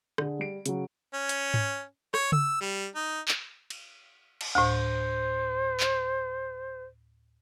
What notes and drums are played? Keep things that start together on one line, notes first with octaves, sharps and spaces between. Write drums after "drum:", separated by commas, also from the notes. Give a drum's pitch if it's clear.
D3 G#4, drum: rim click
G3 D7
C#3 F#3, drum: hi-hat
C#4
drum: hi-hat
drum: tom G#2
C#5, drum: rim click
E6, drum: tom C#3
G3
D#4
drum: clap
drum: cymbal
drum: cymbal
D2 A2 C5
drum: clap